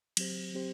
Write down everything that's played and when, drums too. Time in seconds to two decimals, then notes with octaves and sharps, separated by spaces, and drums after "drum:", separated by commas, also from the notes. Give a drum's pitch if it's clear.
0.17 F#3 C4 G4 C5, drum: cymbal
0.53 F#3 C4 G4 C5